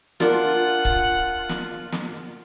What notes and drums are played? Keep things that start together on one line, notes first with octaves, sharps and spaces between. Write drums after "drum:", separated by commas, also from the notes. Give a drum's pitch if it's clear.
D4 F4 A#4 F#5, drum: snare
drum: kick C#1
drum: snare
drum: snare